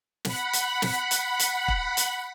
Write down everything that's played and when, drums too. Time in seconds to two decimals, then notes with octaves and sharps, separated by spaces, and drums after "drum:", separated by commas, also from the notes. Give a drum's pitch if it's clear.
0.25 F#5 B5, drum: snare
0.53 drum: hi-hat
0.82 drum: snare
1.11 drum: hi-hat
1.39 drum: hi-hat
1.68 drum: kick
1.97 drum: hi-hat